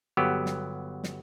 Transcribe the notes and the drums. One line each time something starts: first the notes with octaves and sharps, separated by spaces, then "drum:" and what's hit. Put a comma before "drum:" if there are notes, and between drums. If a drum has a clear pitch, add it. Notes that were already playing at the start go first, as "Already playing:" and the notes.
G1 F#3 B3 G4
drum: snare
drum: snare